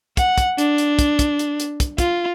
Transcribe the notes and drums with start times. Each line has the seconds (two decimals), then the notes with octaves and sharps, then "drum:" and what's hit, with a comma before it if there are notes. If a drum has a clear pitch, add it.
0.17 F#5, drum: kick, hi-hat
0.38 drum: kick, hi-hat
0.58 D4, drum: hi-hat
0.78 drum: hi-hat
0.99 drum: kick, hi-hat
1.19 drum: kick, hi-hat
1.39 drum: hi-hat
1.60 drum: hi-hat
1.80 drum: kick, hi-hat
1.98 F4, drum: kick, hi-hat